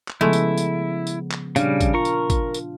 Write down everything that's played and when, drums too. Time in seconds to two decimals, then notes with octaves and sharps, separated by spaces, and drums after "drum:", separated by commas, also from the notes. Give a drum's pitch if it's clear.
0.08 drum: clap
0.21 C#3 F3 G#3 A3 B3 E4
0.33 drum: tambourine
0.58 drum: tambourine
1.07 drum: tambourine
1.31 drum: clap
1.56 A#2 C#3 G3 D4 F5, drum: tambourine
1.81 drum: kick, tambourine
1.94 F4 A#4 C#6
2.05 drum: tambourine
2.30 drum: kick, tambourine
2.54 drum: tambourine